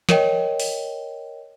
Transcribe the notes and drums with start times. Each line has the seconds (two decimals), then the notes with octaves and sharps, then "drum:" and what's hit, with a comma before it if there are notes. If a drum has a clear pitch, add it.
0.09 A#4 C#5 D#5 G5, drum: snare
0.60 drum: open hi-hat